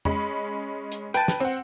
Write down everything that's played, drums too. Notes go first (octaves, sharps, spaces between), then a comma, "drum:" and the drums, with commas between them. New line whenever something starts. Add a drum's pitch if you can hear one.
G#3 C#4 B5, drum: tom
drum: hi-hat
B4 G5 A5, drum: hi-hat
drum: snare
C4 F#5